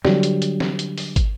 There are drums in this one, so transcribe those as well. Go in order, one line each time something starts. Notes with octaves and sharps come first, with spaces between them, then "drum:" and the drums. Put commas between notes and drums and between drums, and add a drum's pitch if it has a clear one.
D3 F#3 G3, drum: snare
drum: hi-hat
drum: hi-hat
drum: snare
drum: hi-hat
drum: open hi-hat
drum: kick, hi-hat